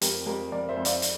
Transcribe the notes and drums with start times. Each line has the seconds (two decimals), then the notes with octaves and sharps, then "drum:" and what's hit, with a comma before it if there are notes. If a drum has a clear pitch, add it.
0.01 F2 G4 A#4, drum: hi-hat
0.26 F2 G4 A#4
0.52 F2 A#4 D5
0.69 C5 E5
0.77 F2
0.85 D5 F5, drum: hi-hat
1.02 drum: hi-hat